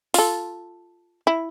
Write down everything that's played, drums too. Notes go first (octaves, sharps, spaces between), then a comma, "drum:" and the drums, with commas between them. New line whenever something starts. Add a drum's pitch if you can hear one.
F4 A4, drum: open hi-hat
E4